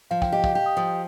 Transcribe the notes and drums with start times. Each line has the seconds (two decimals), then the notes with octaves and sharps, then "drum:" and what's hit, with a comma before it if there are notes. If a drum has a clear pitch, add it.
0.11 F3 F5
0.22 G5, drum: kick
0.32 G4 D#5
0.39 G5
0.44 F5, drum: kick
0.55 G4 G5
0.66 D#6
0.77 F3 D#6
0.88 D#6